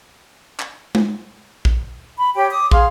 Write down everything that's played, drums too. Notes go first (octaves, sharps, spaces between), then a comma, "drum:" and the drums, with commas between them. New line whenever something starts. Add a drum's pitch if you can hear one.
drum: clap
drum: tom G#3
drum: kick
B5
G4 C#5 G5
D6 D#6
G#4 F5 C6, drum: kick